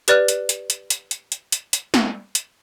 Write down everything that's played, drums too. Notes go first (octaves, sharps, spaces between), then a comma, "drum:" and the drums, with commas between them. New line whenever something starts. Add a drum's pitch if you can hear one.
G4 B4 D5 F6 F#6, drum: hi-hat
drum: hi-hat
drum: hi-hat
drum: hi-hat
drum: hi-hat
drum: hi-hat
drum: hi-hat
drum: hi-hat
drum: hi-hat
drum: snare
drum: hi-hat